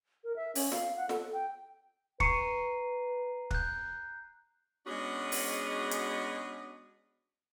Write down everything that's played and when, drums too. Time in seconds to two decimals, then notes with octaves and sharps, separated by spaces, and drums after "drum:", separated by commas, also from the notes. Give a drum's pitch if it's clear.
0.24 A#4
0.36 E5
0.55 C#4, drum: open hi-hat
0.72 F5, drum: snare
0.97 F#5
1.09 A4, drum: snare
1.33 G5
2.20 B4 A#5 C#6 C7 C#7 D#7, drum: kick
3.51 F#6 G6, drum: kick
4.87 G#3 B3 C#4 D4 F#4 G#4
5.32 drum: open hi-hat
5.91 drum: hi-hat